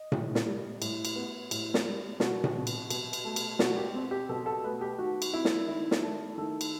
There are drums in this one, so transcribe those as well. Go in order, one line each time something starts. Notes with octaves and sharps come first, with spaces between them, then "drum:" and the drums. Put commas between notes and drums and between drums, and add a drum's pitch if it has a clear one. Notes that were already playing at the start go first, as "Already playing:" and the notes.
Already playing: D#5
A2, drum: tom A#2
drum: snare
G3
A2, drum: cymbal
drum: cymbal
B3
A2, drum: cymbal
drum: snare
G3
B2 F#4, drum: snare
drum: tom A#2
C4
drum: cymbal
B2, drum: cymbal
drum: cymbal
A3
drum: cymbal
B2 F#4, drum: snare
G4
C4
G4
B2 A4
A4
A3 B4
G4
D#3 F#4
drum: cymbal
C4 E4
drum: snare
D#3 E4
drum: snare
A3
D#3 A4
drum: cymbal